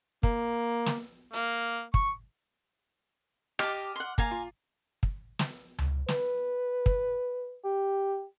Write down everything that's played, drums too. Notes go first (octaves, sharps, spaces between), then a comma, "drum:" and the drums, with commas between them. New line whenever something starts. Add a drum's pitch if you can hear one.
A#3, drum: kick
drum: snare
A#3, drum: hi-hat
C#6, drum: kick
G4 D#5 A5 D6 F6, drum: rim click
F#5 C6
A#3 F5 G#5 A#5, drum: kick
F4
drum: kick
drum: snare
drum: tom C#2
B4, drum: snare
drum: kick
G4